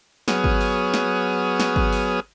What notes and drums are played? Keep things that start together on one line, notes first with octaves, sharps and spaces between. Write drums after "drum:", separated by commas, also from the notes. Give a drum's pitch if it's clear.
F#3 B3 G#4 C#5 D#6 F6, drum: snare
drum: kick G#1
drum: open hi-hat
drum: snare
drum: snare
drum: kick G#1
drum: open hi-hat